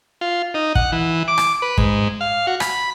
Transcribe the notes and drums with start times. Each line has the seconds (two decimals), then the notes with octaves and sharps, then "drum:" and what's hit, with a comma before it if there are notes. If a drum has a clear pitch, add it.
0.21 F4
0.54 D#4
0.75 F#5, drum: kick
0.92 E3
1.28 D6
1.38 drum: rim click
1.62 B4
1.78 G#2, drum: kick
2.21 F5
2.47 F#4
2.60 B5, drum: rim click